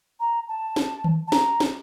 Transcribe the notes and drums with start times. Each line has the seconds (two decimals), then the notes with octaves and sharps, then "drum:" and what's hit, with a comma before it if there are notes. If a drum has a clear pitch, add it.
0.20 A#5
0.49 A5
0.76 drum: snare
1.04 drum: tom D#3
1.28 A5
1.32 A#5, drum: snare
1.60 drum: snare